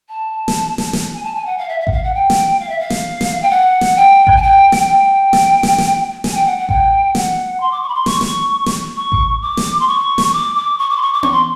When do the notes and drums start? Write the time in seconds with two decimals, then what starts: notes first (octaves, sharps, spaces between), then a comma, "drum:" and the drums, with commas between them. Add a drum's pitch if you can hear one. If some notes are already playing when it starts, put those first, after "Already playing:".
0.10 A5
0.48 drum: snare
0.78 drum: snare
0.93 drum: snare
1.14 G#5
1.24 A5
1.35 G#5
1.46 F#5
1.58 F5
1.69 E5
1.81 E5
1.87 F#5, drum: kick A1
1.92 F5
2.03 F#5
2.14 G5
2.30 drum: snare
2.59 F5
2.69 E5
2.80 F5
2.90 drum: snare
3.21 drum: snare
3.42 G5
3.50 F#5
3.81 drum: snare
3.96 G5
4.27 drum: kick A1
4.37 G#5
4.42 G5
4.72 drum: snare
4.87 G5
5.33 drum: snare
5.63 drum: snare
5.78 drum: snare
6.24 G#5, drum: snare
6.35 G5
6.46 F#5
6.58 F#5
6.69 G5, drum: kick A1
7.15 F#5, drum: snare
7.60 C6
7.72 D6
7.83 C#6
7.89 B5
7.94 C6
8.06 C#6, drum: snare
8.21 drum: snare
8.66 drum: snare
8.96 C#6
9.12 drum: kick A1
9.42 D6
9.57 drum: snare
9.80 C6
9.88 C#6
10.18 drum: snare
10.29 C#6
10.33 D6
10.55 D6
10.79 C#6
10.90 D6
10.97 C6
11.02 C#6
11.13 D6
11.23 C#6, drum: tom B3
11.32 C6